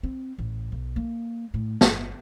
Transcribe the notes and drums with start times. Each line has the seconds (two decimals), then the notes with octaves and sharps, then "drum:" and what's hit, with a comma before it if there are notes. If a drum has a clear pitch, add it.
0.03 C4
0.38 A1
0.72 B1
0.96 A#3
1.54 A2
1.81 G1, drum: snare